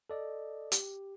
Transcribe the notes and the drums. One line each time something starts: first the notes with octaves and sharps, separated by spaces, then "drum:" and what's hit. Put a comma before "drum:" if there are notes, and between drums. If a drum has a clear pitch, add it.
A4 D5 D#5
G4, drum: hi-hat